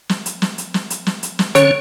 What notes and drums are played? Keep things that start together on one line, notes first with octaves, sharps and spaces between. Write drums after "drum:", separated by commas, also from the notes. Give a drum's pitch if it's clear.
drum: snare
drum: hi-hat
drum: snare
drum: hi-hat
drum: snare
drum: hi-hat
drum: snare
drum: hi-hat
drum: snare
D3 C#4 C#5, drum: hi-hat